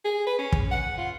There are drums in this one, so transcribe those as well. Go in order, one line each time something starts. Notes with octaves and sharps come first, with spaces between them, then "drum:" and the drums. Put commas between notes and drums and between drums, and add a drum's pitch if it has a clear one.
G#4
B4
C#4
drum: kick
F#5
F4